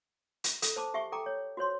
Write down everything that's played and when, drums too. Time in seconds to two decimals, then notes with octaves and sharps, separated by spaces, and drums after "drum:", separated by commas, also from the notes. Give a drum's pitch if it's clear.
0.44 drum: hi-hat
0.62 A4, drum: hi-hat
0.76 C5 A5 D6
0.94 G4 E5 G#5 C#6
1.12 A4 G5 A#5 D6
1.26 C#5
1.57 F#4 C5 C#5 C6